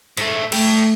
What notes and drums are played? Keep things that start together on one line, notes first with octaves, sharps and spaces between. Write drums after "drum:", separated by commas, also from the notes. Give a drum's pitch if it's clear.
G#2 A3, drum: hi-hat
A3 A4 G5, drum: cymbal